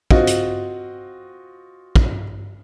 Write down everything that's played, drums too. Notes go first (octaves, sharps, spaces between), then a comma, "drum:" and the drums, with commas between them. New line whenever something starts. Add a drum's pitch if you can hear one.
C4 F4 F#4 D#5, drum: kick
drum: hi-hat
drum: kick